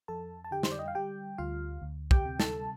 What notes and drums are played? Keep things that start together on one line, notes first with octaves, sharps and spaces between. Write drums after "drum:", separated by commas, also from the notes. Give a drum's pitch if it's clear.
F2 A4 A5
A5
D3 G4 G5
C5, drum: snare
D5
D#5
F5
G3 G4 G5
D2 F4 F5
D2
G4 G5, drum: kick
C3
A4 A5, drum: snare